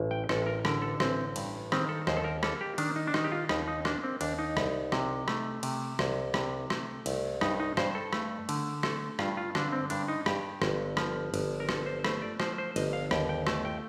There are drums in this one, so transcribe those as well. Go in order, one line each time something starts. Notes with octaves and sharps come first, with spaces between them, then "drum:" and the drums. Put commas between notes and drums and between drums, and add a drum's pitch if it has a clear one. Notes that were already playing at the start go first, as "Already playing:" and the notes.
Already playing: A1
G5
A1 A4, drum: rim click
A#4
D3 A#4, drum: rim click
A4
A1 C4, drum: rim click
G2, drum: cymbal
D#3 C4, drum: rim click
A4
D#2 C5, drum: rim click
A4
A#4
A#3 A4, drum: rim click
G4
D#3 D4, drum: cymbal
D#4
D4
D#3 D#4, drum: rim click
G4
F4
D#2 D#4, drum: rim click
D#4
A#3 D4, drum: rim click
C4
D#2 D4, drum: cymbal
D#4
C2, drum: rim click
C3, drum: rim click
A3, drum: rim click
C3, drum: cymbal
C2, drum: rim click
C3, drum: rim click
A3, drum: rim click
C2, drum: cymbal
G2 D#4, drum: rim click
D#4
G2 C5, drum: rim click
A4
A3, drum: rim click
D3, drum: cymbal
A3 A4, drum: rim click
G2 F4, drum: rim click
F4
D3 D4, drum: rim click
C4
G2 D4, drum: cymbal
D#4
G2 G4, drum: rim click
G1, drum: rim click
F3, drum: rim click
G1, drum: cymbal
A#4
F3 A4, drum: rim click
C5
A3 C5, drum: rim click
D5
F3 C5, drum: rim click
C5
G1 D#5, drum: cymbal
F5
D#2 G5, drum: rim click
G5
A3 A5, drum: rim click
G5